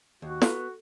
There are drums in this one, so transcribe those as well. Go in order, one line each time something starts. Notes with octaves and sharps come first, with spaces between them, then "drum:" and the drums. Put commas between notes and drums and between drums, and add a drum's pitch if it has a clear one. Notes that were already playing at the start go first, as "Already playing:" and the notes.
D#2 F#4
B3 A4, drum: snare